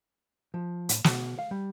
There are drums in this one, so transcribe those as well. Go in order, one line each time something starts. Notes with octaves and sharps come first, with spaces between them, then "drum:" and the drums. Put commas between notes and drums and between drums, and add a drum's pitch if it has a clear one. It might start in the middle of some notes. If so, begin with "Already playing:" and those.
F3
A2, drum: hi-hat
B2, drum: snare
F5
G3